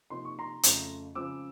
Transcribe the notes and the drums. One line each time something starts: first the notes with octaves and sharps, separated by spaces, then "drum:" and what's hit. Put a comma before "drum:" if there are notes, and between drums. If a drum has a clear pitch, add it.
C3 F3 A#3 D#4 C6
C#6
A#5 C6
F2 C#3 F3 A3, drum: hi-hat
C#3 F3 G#3 C4 D6 E6